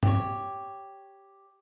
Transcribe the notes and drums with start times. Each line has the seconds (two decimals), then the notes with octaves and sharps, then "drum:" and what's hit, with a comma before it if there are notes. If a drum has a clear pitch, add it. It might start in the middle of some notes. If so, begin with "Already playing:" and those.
0.03 G4 C#5, drum: tom